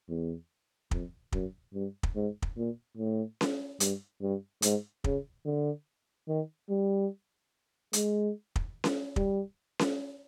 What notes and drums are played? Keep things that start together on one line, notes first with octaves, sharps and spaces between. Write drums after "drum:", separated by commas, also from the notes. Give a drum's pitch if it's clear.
E2
F2, drum: kick
F#2, drum: kick
G2
drum: kick
G#2
drum: kick
A#2
A2
drum: snare C#4
G2, drum: hi-hat
G2
G#2, drum: hi-hat
C#3, drum: kick
D3
D#3
G3
G#3, drum: hi-hat
drum: kick
drum: snare C#4
G3, drum: kick
drum: snare C#4